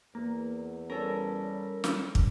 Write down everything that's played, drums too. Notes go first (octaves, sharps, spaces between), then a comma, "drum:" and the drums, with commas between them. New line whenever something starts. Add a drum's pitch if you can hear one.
E2 A#3
G3 C#4 A4 A#4
drum: snare
drum: kick